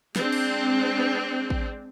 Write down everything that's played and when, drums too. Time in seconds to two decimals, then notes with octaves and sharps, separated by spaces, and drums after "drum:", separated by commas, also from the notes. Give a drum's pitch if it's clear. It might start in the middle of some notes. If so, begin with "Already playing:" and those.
0.16 G#3 C4 D4, drum: snare
0.32 drum: cymbal
1.50 drum: kick A1